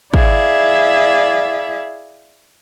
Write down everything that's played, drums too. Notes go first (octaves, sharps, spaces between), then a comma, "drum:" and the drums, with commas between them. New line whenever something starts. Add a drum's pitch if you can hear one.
E4 G#4 D5 E5 F5, drum: kick